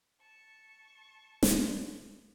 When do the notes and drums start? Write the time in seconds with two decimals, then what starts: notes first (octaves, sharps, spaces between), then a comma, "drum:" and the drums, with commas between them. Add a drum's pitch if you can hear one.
0.20 A5 C#6
1.43 drum: snare